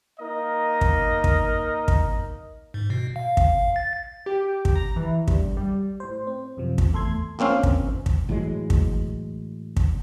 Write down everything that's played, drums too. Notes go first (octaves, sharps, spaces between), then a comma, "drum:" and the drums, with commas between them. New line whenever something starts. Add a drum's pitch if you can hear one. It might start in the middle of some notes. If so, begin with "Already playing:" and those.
A#3 D#4 A#4 D#5
drum: kick
drum: kick
drum: kick
G#2
B2
F5
drum: kick
A6
G4
drum: kick
A#5
E3
G2, drum: kick
G3
A2 C5
C4
F#2 C3 F3
drum: kick
E2 A3 A4 C6 G#6
A#1 A#3 C4 C#4 F5
drum: kick
drum: kick
A2 E3 F#3 G#3
drum: kick
drum: kick